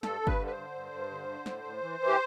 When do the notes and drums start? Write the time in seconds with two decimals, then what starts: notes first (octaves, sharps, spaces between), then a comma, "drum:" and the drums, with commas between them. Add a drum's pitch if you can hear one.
0.03 G2 A4, drum: snare
0.21 G2
0.27 B4, drum: kick G1
0.39 D3
0.47 B4
0.51 C5
0.57 D3
0.75 G2
0.92 G2
1.10 D3
1.28 D3
1.46 A2, drum: snare
1.64 A2
1.82 E3
2.00 E3
2.07 G4